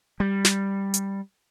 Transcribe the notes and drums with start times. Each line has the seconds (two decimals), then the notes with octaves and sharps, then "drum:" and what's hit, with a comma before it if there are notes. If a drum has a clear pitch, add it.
0.20 G3
0.45 drum: snare
0.94 drum: hi-hat